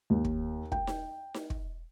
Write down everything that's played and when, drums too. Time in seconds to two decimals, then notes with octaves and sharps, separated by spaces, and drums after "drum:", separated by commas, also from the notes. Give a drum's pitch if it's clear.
0.10 D#2
0.25 drum: kick
0.72 G5, drum: kick
0.87 drum: snare D#4
1.34 drum: snare D#4
1.50 drum: kick